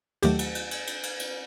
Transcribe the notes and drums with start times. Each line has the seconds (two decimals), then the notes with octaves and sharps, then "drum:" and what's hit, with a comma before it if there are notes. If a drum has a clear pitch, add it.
0.23 D#2 D#3 F#3 A3 G4, drum: cymbal
0.39 drum: cymbal
0.55 drum: cymbal
0.71 drum: cymbal
0.87 drum: cymbal
1.03 drum: cymbal
1.20 drum: cymbal